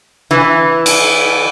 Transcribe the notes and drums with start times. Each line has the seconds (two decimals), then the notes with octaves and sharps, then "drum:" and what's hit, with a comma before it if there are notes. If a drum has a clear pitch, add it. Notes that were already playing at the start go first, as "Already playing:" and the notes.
0.31 E3
0.86 drum: cymbal